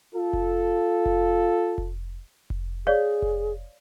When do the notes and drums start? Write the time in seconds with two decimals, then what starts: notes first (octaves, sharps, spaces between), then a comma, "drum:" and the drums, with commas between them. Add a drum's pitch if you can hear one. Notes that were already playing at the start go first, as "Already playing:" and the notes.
0.15 F4 A4
0.33 drum: kick F1
1.06 drum: kick F1
1.78 drum: kick F1
2.50 drum: kick F1
2.87 G#4 C#5 D5 F5
3.22 drum: kick F1